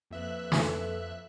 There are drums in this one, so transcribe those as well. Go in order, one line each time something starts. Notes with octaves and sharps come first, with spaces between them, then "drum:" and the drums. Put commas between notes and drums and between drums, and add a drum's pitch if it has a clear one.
F2 A#3 B4 E5 F#6
A4, drum: snare